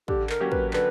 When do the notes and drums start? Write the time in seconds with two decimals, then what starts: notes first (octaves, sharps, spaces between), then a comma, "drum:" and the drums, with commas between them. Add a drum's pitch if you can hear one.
0.08 D3 G4, drum: kick
0.29 A#4, drum: clap
0.40 F#3 A#3 C#4 G4
0.52 B4, drum: kick
0.73 D3 B4, drum: clap